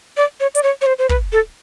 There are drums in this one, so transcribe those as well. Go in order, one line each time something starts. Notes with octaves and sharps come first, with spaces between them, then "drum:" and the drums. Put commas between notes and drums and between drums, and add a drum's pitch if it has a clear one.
D5
C#5
D5, drum: hi-hat
C#5
C#5
C5
C5
B4, drum: kick
A4